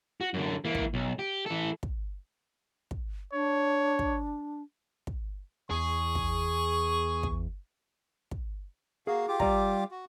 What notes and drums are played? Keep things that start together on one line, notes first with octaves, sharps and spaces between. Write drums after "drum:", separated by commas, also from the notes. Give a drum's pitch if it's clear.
F#4
F#2 D3
E3 A#3
drum: kick
B1
G4
E3 A4
drum: kick
drum: kick
D4 C#5
drum: kick
drum: kick
E2 G#4 C#6
drum: kick
drum: kick
drum: kick
A#3 F#4 G#4 F5
F4 G4 D6
G3 D5 A#5, drum: kick
F#4